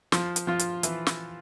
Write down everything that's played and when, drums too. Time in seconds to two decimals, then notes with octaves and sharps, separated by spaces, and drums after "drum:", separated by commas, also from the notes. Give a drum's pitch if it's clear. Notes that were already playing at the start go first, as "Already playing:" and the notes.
0.12 F3 F4, drum: snare
0.36 drum: hi-hat
0.47 F3 F4
0.59 drum: hi-hat
0.83 E3 E4, drum: hi-hat
1.07 drum: snare